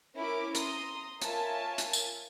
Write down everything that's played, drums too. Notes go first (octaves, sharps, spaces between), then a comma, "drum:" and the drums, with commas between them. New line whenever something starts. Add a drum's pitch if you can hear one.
C#4 E4 A#4 B5 D6
A#5 C6 D#6, drum: hi-hat
F4 A#4 C#5 E5 G#5 A5, drum: hi-hat
drum: hi-hat
drum: tambourine